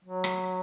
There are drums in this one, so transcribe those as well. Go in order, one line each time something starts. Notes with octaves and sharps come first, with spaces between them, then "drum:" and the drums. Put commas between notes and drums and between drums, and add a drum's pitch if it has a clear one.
F#3
drum: rim click